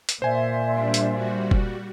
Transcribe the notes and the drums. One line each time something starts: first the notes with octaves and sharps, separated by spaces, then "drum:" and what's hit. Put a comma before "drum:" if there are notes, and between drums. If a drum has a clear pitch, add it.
drum: hi-hat
A#2 C5 D5 E5 G#5 C6
G3 D4
drum: hi-hat
G3 F#4
drum: kick F1